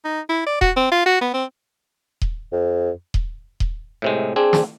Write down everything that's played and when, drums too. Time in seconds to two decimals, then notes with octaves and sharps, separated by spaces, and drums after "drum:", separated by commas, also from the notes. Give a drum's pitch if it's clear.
0.05 D#4
0.29 E4
0.46 D5
0.61 F#4, drum: kick D#1
0.77 C4
0.92 F4
1.06 F#4
1.21 B3
1.34 C4
2.22 drum: kick D#1
2.53 F2
3.14 drum: kick D#1
3.60 drum: kick D#1
4.02 A2 C3 G#3
4.36 C4 D4 G#4 G#5
4.53 drum: snare